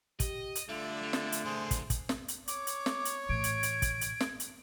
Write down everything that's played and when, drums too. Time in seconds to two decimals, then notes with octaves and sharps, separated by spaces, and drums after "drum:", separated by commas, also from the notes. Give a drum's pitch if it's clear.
0.20 G4 D#5, drum: kick, hi-hat
0.55 drum: hi-hat
0.69 D3 G3 A3 F4 E5
1.03 G3
1.13 drum: snare
1.32 drum: hi-hat
1.45 C2 A#2 G#4 C5 C6
1.71 drum: kick, hi-hat
1.90 drum: kick, hi-hat
2.09 drum: snare
2.28 drum: hi-hat
2.48 C#5 D6, drum: hi-hat
2.67 drum: hi-hat
2.86 drum: snare
3.05 drum: hi-hat
3.29 A2 E3 G#6 D7
3.44 drum: hi-hat
3.63 drum: hi-hat
3.82 drum: kick, hi-hat
4.01 drum: hi-hat
4.20 drum: snare
4.40 drum: hi-hat